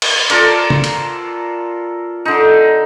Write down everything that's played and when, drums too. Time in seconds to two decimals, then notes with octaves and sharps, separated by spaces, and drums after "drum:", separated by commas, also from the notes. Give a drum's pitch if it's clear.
0.02 drum: cymbal
0.30 F4 A4 A#4 D5, drum: hi-hat
0.70 drum: tom
0.84 drum: hi-hat
2.25 D3 D#4